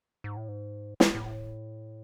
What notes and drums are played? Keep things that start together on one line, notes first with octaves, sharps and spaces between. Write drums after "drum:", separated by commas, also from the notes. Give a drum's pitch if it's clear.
G#2
A2
G#2
drum: snare
A2